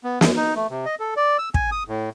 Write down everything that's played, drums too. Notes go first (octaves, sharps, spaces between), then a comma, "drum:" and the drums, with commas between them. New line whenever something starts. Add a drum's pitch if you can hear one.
B3
F#2, drum: snare
D#4
A3
C3
D#5
A4
D5
E6
G#5, drum: kick
D#6
A2